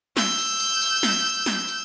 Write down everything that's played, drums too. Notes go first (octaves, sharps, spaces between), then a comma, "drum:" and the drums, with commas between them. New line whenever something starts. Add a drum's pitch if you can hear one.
E6 G6, drum: snare
drum: tambourine
drum: tambourine
drum: tambourine
drum: snare
drum: snare
drum: tambourine